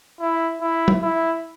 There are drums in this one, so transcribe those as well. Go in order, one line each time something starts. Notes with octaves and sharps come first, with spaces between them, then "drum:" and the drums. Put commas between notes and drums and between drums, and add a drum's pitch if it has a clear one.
E4
E4
drum: tom F#3
E4